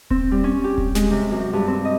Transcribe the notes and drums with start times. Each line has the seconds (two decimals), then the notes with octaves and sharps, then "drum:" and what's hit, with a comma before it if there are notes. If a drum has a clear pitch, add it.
0.10 C4, drum: kick D#1
0.31 G3
0.44 C#4
0.64 G4
0.78 drum: kick D#1
0.95 G#3, drum: snare
1.11 C3
1.31 F#2
1.53 G2
1.68 C4
1.85 D#5